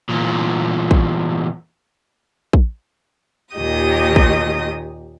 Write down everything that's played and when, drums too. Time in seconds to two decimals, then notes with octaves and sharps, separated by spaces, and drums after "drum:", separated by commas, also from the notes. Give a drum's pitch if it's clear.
0.09 E2 A#2
0.91 drum: kick
2.53 drum: kick
3.55 D#2 A#2 D#3 G4 D#5 D#6
4.16 drum: kick